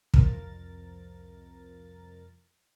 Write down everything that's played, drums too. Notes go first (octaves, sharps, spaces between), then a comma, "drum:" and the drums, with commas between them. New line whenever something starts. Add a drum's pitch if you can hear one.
C2 F2 F3 A#4 A6, drum: kick